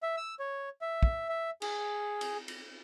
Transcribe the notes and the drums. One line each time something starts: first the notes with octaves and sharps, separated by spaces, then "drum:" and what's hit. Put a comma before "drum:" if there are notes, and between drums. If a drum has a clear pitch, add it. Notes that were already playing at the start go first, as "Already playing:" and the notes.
E5
E6
C#5
E5
drum: kick
E5
G#4, drum: cymbal
drum: cymbal
drum: cymbal